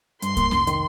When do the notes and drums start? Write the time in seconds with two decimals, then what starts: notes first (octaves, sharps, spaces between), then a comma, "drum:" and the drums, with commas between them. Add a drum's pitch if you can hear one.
0.22 G2 C6, drum: hi-hat
0.37 A#3, drum: kick C2, hi-hat
0.51 F1, drum: snare C#4
0.67 D#3, drum: hi-hat